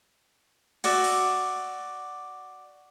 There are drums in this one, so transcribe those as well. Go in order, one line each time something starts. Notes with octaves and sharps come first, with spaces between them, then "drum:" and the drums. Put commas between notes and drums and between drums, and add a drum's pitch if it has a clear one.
F#4 D5 E5, drum: cymbal
drum: open hi-hat